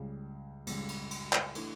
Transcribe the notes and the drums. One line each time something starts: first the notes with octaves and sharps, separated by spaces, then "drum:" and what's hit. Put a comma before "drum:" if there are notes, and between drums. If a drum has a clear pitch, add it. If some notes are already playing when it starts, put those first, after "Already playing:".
Already playing: C#2 C#3 G3
C#2 C#3 G3, drum: cymbal
drum: cymbal
drum: cymbal
drum: clap
E3 A3 D4, drum: cymbal